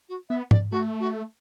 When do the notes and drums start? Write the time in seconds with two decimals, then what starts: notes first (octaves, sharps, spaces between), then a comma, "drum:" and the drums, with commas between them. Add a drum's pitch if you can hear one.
0.09 F#4
0.29 B3 E5
0.51 D5, drum: tom
0.71 A3 F#4
1.00 F#4